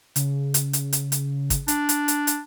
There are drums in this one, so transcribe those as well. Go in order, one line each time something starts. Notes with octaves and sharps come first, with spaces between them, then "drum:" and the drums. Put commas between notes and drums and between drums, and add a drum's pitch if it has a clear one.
C#3, drum: hi-hat
drum: hi-hat
drum: hi-hat
drum: hi-hat
drum: hi-hat
drum: kick, hi-hat
D4, drum: hi-hat
drum: hi-hat
drum: hi-hat
drum: hi-hat